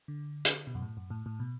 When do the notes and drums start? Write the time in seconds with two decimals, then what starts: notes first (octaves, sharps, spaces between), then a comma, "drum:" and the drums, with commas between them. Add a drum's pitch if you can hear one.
0.08 D3
0.45 drum: hi-hat
0.67 B2
0.75 F#2
0.82 A2
0.97 F#2
1.10 A2
1.26 A2
1.40 B2